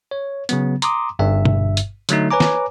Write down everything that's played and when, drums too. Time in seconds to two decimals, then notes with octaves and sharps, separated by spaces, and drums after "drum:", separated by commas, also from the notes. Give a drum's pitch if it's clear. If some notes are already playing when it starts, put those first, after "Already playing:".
0.11 C#5
0.49 C#3 F#3 B3, drum: hi-hat
0.82 A#5 C6 D6 D#6, drum: hi-hat
1.19 G1 G2 E5
1.45 drum: tom B2
1.77 drum: hi-hat
2.09 D3 F#3 A3 D#4, drum: hi-hat
2.31 B4 C#5 G#5 A#5 D6
2.40 drum: snare